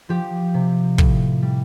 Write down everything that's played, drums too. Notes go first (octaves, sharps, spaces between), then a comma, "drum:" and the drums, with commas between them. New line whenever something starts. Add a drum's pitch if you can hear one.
F3 G4
C3
A2, drum: kick
G3